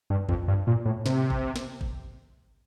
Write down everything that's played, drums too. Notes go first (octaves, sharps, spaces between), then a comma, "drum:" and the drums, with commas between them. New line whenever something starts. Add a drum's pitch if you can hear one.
G2
F2, drum: kick G#1
G2
A#2
A2
C3, drum: snare
drum: kick G#1
drum: snare
drum: kick G#1